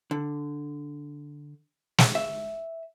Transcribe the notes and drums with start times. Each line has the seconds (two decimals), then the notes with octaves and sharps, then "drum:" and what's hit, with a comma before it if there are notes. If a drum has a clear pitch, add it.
0.11 D3
1.98 drum: snare
2.15 E5